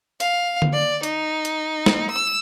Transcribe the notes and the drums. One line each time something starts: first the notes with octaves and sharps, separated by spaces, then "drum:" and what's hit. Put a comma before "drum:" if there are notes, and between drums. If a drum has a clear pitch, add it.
F5, drum: hi-hat
drum: tom D3
D5
D#4, drum: hi-hat
drum: hi-hat
drum: snare
E6